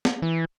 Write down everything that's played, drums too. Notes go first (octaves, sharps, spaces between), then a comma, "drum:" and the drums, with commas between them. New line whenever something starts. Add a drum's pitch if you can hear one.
drum: snare
E3